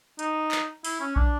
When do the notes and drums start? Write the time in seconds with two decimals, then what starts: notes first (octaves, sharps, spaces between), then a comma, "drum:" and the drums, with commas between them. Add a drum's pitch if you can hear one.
0.19 D#4, drum: hi-hat
0.52 drum: clap
0.85 E4, drum: open hi-hat
1.01 C#4
1.16 D4, drum: kick A#1